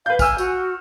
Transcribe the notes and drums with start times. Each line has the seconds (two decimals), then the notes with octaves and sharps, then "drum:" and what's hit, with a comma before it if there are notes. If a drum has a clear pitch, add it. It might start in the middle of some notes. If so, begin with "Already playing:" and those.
0.06 B4 F5 G6
0.19 G#5 E6 F6, drum: kick, tambourine
0.38 F#4, drum: tambourine